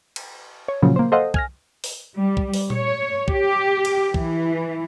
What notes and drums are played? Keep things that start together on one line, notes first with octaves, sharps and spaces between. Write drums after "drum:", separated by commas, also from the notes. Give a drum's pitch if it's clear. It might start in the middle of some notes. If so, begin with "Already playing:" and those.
drum: cymbal
C#5
A#2 C#3 F3 F#3
A#3 C5
A4 C5 D#5 F5 F#5
G#5 F6 A#6, drum: kick
drum: open hi-hat
G3
drum: kick
drum: open hi-hat
C#5, drum: tom A#2
G4, drum: kick
drum: cymbal
E3, drum: kick